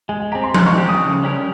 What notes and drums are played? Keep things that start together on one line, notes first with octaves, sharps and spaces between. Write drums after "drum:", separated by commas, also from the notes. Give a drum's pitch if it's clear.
G#3 G#5
G#5
C4 G4 A#5
C6
G#3 C6, drum: tom F3
C#6
C4 G4
D#6
C#3
G3 C#4 G4 A#4